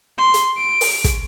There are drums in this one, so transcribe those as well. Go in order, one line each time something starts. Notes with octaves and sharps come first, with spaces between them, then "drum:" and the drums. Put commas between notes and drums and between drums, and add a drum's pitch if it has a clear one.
C6
drum: hi-hat
D7
drum: open hi-hat
drum: kick, hi-hat